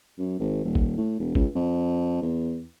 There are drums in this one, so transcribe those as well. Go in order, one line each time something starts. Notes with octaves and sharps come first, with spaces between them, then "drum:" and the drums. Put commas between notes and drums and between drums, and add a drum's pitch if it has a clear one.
F#2
G#1
D#1
drum: kick G1
A2
E1
C#2, drum: kick G1
F2
E2